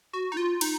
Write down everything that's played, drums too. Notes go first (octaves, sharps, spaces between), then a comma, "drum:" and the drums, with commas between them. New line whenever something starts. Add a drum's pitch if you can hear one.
F#4
D#4
F4
D#4, drum: cymbal